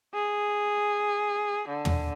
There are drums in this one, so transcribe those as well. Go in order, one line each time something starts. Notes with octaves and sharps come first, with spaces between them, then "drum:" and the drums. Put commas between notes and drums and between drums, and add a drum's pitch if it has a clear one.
G#4
D3
drum: tom